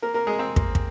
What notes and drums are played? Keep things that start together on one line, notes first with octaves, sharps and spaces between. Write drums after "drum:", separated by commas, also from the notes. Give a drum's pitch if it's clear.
A#3 A#4
A#3 A#4
G#3 G#4
C4
A#3, drum: kick
drum: kick